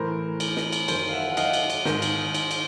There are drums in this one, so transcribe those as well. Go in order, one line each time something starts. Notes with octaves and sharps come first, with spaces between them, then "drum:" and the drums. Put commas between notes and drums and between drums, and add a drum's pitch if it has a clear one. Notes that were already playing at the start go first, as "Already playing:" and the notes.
Already playing: A2 E3 A#4 C5
drum: cymbal
drum: snare
drum: cymbal
F#2 D#3 A#4 C5, drum: cymbal
F5
E5 F#5
F#5
D#5 F5, drum: cymbal
drum: cymbal
drum: cymbal
G#2 D#3, drum: snare
drum: cymbal
drum: cymbal
drum: cymbal